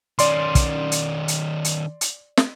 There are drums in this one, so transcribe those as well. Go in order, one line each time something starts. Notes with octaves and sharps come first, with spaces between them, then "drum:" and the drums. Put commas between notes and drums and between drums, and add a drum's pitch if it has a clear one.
D#3 C#4 D5 C6, drum: hi-hat
drum: kick, hi-hat
drum: hi-hat
drum: hi-hat
drum: hi-hat
drum: hi-hat
drum: snare